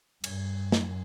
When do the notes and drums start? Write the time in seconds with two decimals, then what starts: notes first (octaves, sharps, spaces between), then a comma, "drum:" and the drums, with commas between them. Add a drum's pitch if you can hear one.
0.24 G2, drum: cymbal
0.72 F#2, drum: snare